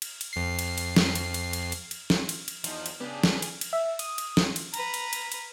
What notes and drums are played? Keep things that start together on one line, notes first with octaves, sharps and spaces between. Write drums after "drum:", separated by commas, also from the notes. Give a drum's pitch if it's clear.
drum: cymbal
drum: cymbal
F2 C7
drum: cymbal
drum: cymbal
drum: snare
drum: cymbal
drum: cymbal
drum: cymbal
drum: cymbal
drum: cymbal
drum: snare
drum: cymbal
drum: cymbal
E2 F3 D#4, drum: cymbal
drum: cymbal
C#3 B3 D4 G4 G#4
drum: snare
drum: cymbal
drum: cymbal
E5
D#6, drum: cymbal
drum: cymbal
drum: snare
drum: cymbal
B4 A#5, drum: cymbal
drum: cymbal
drum: cymbal
drum: cymbal